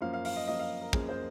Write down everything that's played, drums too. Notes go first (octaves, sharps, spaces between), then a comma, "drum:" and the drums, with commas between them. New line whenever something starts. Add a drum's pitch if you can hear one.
F#2 F3 A#3 F5
F5
F5, drum: open hi-hat
D#5
F#2 F3 A#3 D#5
F5
A#4
F#2 F3 A#3 G#4, drum: kick
C5